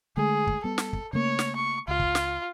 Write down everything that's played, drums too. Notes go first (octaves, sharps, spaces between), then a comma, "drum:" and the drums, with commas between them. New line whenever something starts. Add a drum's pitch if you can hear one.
D3 G#3 A3 G#4
drum: kick
G3 B3 A4
drum: snare
drum: kick
C#3 A3 A#3 C#5
drum: snare
C#6
C#2 F4
drum: kick
drum: snare